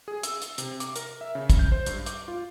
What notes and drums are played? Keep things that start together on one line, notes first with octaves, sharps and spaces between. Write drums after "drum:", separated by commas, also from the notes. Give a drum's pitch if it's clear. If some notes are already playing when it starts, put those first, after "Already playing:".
G#4
E6, drum: hi-hat
drum: hi-hat
C3, drum: hi-hat
D6, drum: hi-hat
A#4, drum: hi-hat
E5
C#3
drum: kick, hi-hat
G6
C5
G2, drum: hi-hat
D6, drum: hi-hat
F4